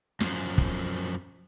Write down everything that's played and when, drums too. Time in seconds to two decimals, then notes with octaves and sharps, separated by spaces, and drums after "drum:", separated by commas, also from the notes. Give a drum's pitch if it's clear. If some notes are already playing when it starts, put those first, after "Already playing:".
0.20 F#2 F3, drum: snare
0.58 drum: kick